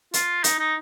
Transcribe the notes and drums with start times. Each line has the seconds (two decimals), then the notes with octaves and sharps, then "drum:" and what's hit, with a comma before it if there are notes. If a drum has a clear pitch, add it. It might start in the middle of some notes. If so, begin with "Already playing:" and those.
0.14 F4, drum: hi-hat
0.44 D#4, drum: hi-hat
0.59 D#4